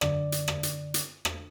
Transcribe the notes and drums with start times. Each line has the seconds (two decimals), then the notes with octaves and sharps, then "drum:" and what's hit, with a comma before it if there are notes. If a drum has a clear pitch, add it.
0.01 F#2 D3 D5, drum: rim click
0.32 drum: hi-hat
0.48 drum: rim click
0.63 drum: hi-hat
0.94 drum: hi-hat
1.25 drum: rim click